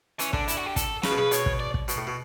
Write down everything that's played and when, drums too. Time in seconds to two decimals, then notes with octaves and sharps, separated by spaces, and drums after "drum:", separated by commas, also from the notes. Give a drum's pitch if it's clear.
0.19 E3 C#4, drum: hi-hat
0.33 D3 D4, drum: kick
0.48 E4, drum: hi-hat
0.57 F#4
0.66 G4
0.76 A4, drum: kick, hi-hat
1.03 C#3 B4, drum: snare
1.11 B2
1.18 C#3 B4
1.31 B2 C#5, drum: hi-hat
1.46 drum: kick
1.60 D5
1.74 drum: kick
1.88 B2, drum: hi-hat
1.97 A2
2.07 B2